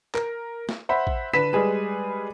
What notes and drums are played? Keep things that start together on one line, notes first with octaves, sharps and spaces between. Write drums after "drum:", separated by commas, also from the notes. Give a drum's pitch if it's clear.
A#4, drum: clap
drum: snare
C5 E5 F#5 B5
drum: kick
D3 B4 B6 E7
G3 G#3 G#4 B4